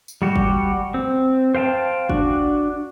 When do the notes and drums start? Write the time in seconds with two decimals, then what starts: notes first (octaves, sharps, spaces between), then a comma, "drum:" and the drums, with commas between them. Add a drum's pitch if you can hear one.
0.08 drum: tambourine
0.22 G3 F#4 G4
0.36 drum: kick
0.94 C4
1.55 C5 F5 G5 A5
2.09 D4 F#4, drum: kick